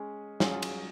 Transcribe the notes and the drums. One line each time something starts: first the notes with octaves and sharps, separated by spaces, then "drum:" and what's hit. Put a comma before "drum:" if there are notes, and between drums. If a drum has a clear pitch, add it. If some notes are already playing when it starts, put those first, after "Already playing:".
Already playing: G#3 C#4 G#4
F#3 C#4 F4 G#4 C#5, drum: snare
drum: cymbal